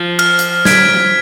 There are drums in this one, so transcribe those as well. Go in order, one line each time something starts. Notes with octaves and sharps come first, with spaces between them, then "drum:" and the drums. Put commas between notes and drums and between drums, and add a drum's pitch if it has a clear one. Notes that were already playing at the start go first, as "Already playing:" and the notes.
Already playing: F3
F6, drum: cymbal
drum: hi-hat
G#6 B6 D7, drum: snare